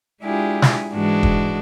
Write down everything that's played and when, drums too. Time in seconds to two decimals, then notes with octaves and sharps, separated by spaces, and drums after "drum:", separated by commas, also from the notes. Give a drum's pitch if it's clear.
0.22 G#3 D4 E4 F4 G4 G#4
0.62 drum: snare
0.94 G#2 E3 G#3 D4 F#4
1.23 drum: kick